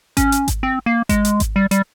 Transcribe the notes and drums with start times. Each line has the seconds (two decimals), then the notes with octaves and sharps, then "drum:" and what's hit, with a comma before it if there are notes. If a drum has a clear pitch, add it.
0.17 C#4, drum: kick G#1, hi-hat
0.32 drum: hi-hat
0.48 drum: kick G#1, hi-hat
0.63 C4
0.86 A#3
1.09 G#3, drum: kick G#1, hi-hat
1.25 drum: hi-hat
1.40 drum: kick G#1, hi-hat
1.56 G3
1.71 G3, drum: hi-hat